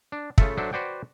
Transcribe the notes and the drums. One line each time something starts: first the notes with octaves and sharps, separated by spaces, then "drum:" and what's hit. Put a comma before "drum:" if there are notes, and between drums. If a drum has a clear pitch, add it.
D4
C#3 A3 F4 A4 E5, drum: kick
F#3 D4 A4 C5 E5
F#4 B4 C5 D5 F#5 G5